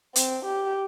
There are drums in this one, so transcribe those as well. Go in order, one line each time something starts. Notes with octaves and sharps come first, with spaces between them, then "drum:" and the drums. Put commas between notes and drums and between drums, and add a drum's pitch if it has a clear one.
C4, drum: hi-hat
G4